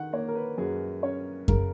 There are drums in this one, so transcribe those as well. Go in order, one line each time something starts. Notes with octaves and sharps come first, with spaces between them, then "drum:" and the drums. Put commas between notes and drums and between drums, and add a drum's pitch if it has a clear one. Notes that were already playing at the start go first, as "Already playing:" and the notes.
Already playing: D#3 F#5
A#3 C#5
A#4
B4
F#2 G#4
C#4 C#5
C#3 A#4, drum: kick F#2